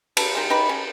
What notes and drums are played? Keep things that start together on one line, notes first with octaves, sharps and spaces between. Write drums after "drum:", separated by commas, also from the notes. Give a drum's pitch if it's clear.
D4 A4 B4, drum: cymbal
D#3 G#3
D#4 G4 B4 B5
C#4